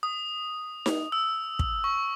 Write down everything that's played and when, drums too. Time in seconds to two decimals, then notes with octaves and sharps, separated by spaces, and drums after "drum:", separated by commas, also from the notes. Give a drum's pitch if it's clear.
0.03 D#6
0.86 drum: snare D#4
1.12 E6
1.59 drum: kick
1.84 C#6